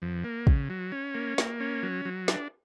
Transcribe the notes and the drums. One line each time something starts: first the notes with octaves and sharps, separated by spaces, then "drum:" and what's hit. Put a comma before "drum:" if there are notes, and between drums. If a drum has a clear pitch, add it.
F2
A#3
C#3, drum: kick
F#3
C#4
A#3
A#3, drum: snare
C#4
F#3
F#3
D4, drum: snare